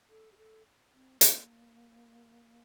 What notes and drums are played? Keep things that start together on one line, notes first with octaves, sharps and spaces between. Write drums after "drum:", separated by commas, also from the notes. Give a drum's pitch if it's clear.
A4
G4
A4
C4
A#3, drum: hi-hat